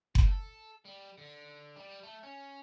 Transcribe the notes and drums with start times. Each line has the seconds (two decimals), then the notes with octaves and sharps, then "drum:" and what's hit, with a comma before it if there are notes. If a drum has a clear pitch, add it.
0.15 A2, drum: kick F#1
0.28 A4
0.85 G3
1.18 D3
1.76 G3
2.03 A3
2.23 C#4